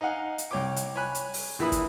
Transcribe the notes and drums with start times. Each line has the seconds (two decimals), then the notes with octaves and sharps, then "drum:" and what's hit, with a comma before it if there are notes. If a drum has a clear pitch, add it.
0.01 D#4 D#5 F5 F#5 G#5
0.38 drum: hi-hat
0.51 C2 C#5 G5 D6
0.76 drum: hi-hat
0.96 C#5 G#5 B5 F#6
1.15 drum: hi-hat
1.34 drum: open hi-hat
1.59 A#1 E3 B4 E5 B5 D#6
1.72 drum: kick, hi-hat